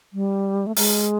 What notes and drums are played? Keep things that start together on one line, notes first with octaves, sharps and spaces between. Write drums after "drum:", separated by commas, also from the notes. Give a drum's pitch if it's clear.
G3
A3
G#3, drum: open hi-hat